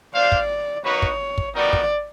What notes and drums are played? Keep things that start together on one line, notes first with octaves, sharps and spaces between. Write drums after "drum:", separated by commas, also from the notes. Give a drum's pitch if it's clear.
D4 G4 C5 D5 F5
drum: kick
A#3 D#4 F#4 B4 C#5
drum: kick
drum: kick
G3 B3 D#4 F#4 A#4 D5
drum: kick